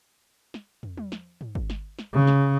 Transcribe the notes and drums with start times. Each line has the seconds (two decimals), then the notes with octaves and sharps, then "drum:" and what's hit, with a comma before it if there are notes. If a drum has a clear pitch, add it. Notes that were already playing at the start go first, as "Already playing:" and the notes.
0.54 drum: snare
0.83 drum: tom
0.97 drum: tom
1.12 drum: snare
1.41 drum: tom
1.55 drum: kick
1.70 drum: snare
1.99 drum: snare
2.13 C#3
2.27 drum: snare